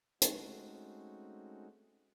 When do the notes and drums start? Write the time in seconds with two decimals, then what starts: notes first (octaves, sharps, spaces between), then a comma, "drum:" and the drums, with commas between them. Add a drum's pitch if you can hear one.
0.21 G#3 A3 C4 C#4 D#4 F#4, drum: hi-hat